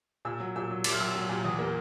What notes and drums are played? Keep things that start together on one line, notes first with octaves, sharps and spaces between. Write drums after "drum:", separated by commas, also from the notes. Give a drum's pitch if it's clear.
A#2 E6
F#3
A#2 E6
F#3
F#3 D6, drum: cymbal
F6
F#3 E6
F#3
A#2
E2 D#6
A#3